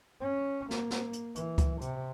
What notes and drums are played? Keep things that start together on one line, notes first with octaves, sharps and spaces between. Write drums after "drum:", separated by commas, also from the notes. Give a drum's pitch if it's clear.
C#4
A#3, drum: snare
drum: snare
drum: hi-hat
E3, drum: hi-hat
drum: kick C#2, hi-hat
C3, drum: hi-hat